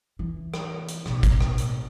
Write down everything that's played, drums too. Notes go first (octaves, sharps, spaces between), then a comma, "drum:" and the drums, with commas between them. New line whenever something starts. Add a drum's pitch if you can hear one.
E3
drum: rim click
drum: hi-hat
B1 A2, drum: rim click
drum: kick, hi-hat
drum: rim click
drum: hi-hat